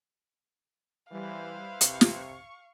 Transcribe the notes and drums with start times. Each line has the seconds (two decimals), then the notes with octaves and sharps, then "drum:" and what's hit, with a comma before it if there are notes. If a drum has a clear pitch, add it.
1.11 E3 G3 E4 B4 C5 F5
1.81 C3 C#6, drum: hi-hat
2.01 drum: snare